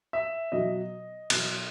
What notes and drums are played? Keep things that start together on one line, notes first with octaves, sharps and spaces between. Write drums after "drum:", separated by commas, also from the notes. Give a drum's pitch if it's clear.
E5
B2 F#3 D#5
B2 F#3, drum: cymbal